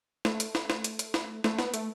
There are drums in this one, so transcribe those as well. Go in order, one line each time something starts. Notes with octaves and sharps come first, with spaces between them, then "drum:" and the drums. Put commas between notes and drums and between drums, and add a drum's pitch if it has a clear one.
A3, drum: snare
drum: hi-hat
drum: snare
drum: snare
drum: hi-hat
drum: hi-hat
drum: snare
A3, drum: snare
B3, drum: snare
A3, drum: hi-hat